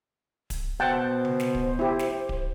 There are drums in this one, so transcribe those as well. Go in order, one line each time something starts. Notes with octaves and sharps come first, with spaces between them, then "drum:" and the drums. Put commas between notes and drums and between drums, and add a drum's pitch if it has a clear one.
drum: kick D1, hi-hat
B2 C5 F#5 G5 A5
drum: tom C#3
drum: snare
drum: kick D1
E4 G4
drum: snare
drum: kick D1